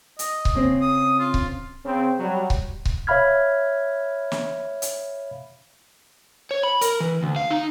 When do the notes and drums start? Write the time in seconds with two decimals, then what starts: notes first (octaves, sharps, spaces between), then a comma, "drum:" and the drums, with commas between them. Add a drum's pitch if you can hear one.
0.19 D#5, drum: hi-hat
0.45 drum: kick C#1
0.55 C#3 C4
0.81 D#6
1.19 F4
1.34 drum: kick C#1
1.85 C#3 C4
2.19 F#3 G3
2.50 drum: kick C#1
2.85 drum: kick C#1
3.07 C#5 E5 F5 B5 F6 G#6
4.32 drum: snare
4.82 drum: hi-hat
6.51 C#5
6.63 B5
6.81 A#4, drum: hi-hat
7.00 E3
7.23 D2
7.36 F5
7.50 D#4